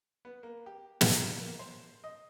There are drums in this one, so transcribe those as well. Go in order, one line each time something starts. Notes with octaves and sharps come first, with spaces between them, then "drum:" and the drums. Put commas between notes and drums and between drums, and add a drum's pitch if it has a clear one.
B3
A#3
G4
G#5, drum: snare
A#5
A#3
C5
D#5